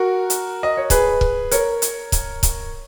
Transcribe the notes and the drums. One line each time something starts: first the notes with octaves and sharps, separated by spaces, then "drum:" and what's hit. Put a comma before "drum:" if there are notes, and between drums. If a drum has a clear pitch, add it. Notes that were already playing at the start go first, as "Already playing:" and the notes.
Already playing: F#4 A#4
drum: hi-hat
D#5
C#5
G#4 B4, drum: kick, hi-hat
drum: kick
A#4 C#5, drum: hi-hat
drum: hi-hat
drum: kick, hi-hat
drum: kick, hi-hat